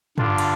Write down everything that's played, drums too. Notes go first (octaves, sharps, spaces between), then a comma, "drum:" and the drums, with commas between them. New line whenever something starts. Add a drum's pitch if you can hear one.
G2 D3 D4 F4, drum: tom
drum: cymbal